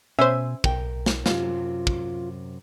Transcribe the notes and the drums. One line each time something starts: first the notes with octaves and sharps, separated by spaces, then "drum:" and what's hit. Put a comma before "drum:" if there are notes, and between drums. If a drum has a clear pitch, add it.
B2 C#4 C5 E5 G#5
B1 A#4 G5, drum: kick
drum: snare
F#2 C3 F4, drum: snare
drum: kick